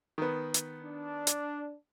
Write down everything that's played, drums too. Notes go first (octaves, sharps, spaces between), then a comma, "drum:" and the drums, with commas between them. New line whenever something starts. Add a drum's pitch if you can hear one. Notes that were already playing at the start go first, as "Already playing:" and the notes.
D#3 B3
drum: hi-hat
D4
drum: hi-hat